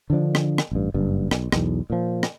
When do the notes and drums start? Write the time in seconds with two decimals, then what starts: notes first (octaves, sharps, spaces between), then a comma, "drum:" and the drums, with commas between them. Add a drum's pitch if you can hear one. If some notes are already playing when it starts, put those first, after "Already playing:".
0.10 D3 D#3 F3 D4
0.35 drum: rim click
0.58 drum: rim click
0.71 A1 G2
0.94 F#1 G2
1.31 B1, drum: rim click
1.52 B1 E2, drum: rim click
1.90 A#2 F3
2.23 drum: rim click